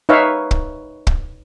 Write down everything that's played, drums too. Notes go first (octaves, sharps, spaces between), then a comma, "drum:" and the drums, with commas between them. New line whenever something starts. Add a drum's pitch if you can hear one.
D#4 B4 C#5 E5 F5
drum: kick
drum: kick